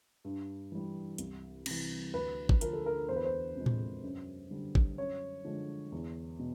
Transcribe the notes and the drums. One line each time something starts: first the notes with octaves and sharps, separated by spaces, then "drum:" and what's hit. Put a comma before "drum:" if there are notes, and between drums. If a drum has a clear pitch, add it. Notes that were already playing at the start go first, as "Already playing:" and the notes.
G2
E3 G3
C2, drum: hi-hat
C3 E3, drum: cymbal
D2 B4
drum: kick
D3 F3 A#4, drum: hi-hat
A4
A#4
E2 C5
B4
C5
C3 F3 G#3
drum: tom A2
F#2
D3 G3
drum: kick
F#2 C#5
D3 F3 G#3
E2
B2